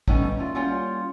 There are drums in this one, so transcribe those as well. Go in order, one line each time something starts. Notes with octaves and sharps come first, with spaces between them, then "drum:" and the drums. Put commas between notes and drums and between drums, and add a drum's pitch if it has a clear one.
A2 D3 G3 B3 C#4 D#4, drum: kick
D#2 A3 F4 D5
G3 A#3 C#4 F4 F#5